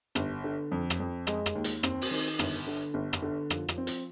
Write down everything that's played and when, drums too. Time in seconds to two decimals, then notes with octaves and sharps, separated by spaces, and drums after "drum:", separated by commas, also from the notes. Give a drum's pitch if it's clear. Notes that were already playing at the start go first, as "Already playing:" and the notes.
0.15 G1, drum: rim click
0.44 D3
0.72 F2
0.90 drum: rim click
1.00 F2
1.27 G#3, drum: rim click
1.46 drum: rim click
1.55 D#2
1.64 drum: hi-hat
1.83 C4, drum: rim click
2.01 drum: open hi-hat
2.11 D#3
2.39 G1, drum: rim click
2.67 D3
2.94 G1
3.13 drum: rim click
3.22 D3
3.50 F3, drum: rim click
3.68 drum: rim click
3.78 C4
3.87 drum: hi-hat